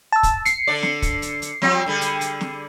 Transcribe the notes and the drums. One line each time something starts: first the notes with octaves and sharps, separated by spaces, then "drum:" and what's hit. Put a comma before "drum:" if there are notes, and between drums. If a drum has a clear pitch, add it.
A5 E6
drum: kick, hi-hat
C7 C#7, drum: hi-hat
D3 D4 D5
drum: snare
drum: kick, hi-hat
drum: hi-hat
drum: hi-hat
F3 G3 C4, drum: snare
D3 G3 G#4
drum: hi-hat
drum: hi-hat
drum: snare